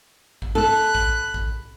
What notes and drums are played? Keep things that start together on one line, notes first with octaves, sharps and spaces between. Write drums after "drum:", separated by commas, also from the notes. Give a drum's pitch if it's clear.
drum: kick A1
A4 B5 F#6
drum: kick A1
drum: kick A1